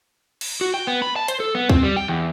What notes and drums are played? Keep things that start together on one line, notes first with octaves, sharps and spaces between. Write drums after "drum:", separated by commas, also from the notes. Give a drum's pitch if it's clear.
drum: cymbal
F#4
G5
B3
B5
A5
C5, drum: hi-hat
A4
B3
C4, drum: kick C#2
G3
G5
E2